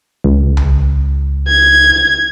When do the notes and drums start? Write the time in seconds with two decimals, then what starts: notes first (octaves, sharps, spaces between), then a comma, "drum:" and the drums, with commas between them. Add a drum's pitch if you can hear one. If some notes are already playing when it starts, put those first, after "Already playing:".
0.24 C#2
0.57 drum: tom B1
1.48 G#6